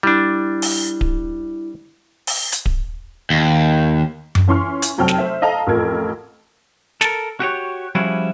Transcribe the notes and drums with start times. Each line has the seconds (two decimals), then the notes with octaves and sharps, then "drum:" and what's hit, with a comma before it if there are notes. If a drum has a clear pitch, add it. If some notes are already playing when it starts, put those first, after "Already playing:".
0.03 G3 D4 E4
0.62 drum: open hi-hat
1.01 drum: kick D1
2.27 drum: open hi-hat
2.52 drum: hi-hat
2.66 drum: kick D1
3.30 D#2
4.35 drum: tom F#2
4.48 E3 C#4 C6 C#6 F6
4.82 drum: hi-hat
4.98 F1 F#3 C4 G5 A5 F6
5.08 drum: snare
5.18 C5 E5
5.42 A4 D#5 F5 A5 A#5
5.67 A1 F2 F3 A4 A#4 G#6
7.01 A4 A#4, drum: snare
7.40 F#4 G4 C#5
7.95 F3 G3 C#4 E4 F#4 G#4